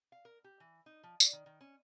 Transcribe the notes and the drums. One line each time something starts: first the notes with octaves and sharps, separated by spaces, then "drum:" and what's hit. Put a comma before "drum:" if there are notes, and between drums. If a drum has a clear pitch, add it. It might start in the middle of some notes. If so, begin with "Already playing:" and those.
F5
A#4
G4
E3
D#4
F3
D5, drum: tambourine
D#3
D#3
C#4